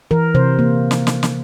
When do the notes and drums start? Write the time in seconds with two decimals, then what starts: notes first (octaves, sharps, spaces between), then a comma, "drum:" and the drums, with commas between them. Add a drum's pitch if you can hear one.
0.11 E3 A#4
0.34 C3 C5
0.59 A#3
0.91 drum: snare
1.07 drum: snare
1.23 drum: snare